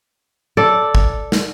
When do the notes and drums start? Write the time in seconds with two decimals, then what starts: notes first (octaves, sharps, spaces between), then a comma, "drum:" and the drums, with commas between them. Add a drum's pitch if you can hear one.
0.57 A4 D5
0.95 drum: kick
1.32 drum: snare